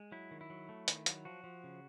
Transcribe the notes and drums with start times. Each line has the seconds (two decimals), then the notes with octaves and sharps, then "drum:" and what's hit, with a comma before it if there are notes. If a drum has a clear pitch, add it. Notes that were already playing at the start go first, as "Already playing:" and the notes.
Already playing: G#3
0.12 F#3 E4
0.31 D#3
0.41 E4
0.50 F#3
0.69 A3
0.88 D#3, drum: hi-hat
1.06 F#3, drum: hi-hat
1.25 F3 F#4
1.44 F3
1.64 C#3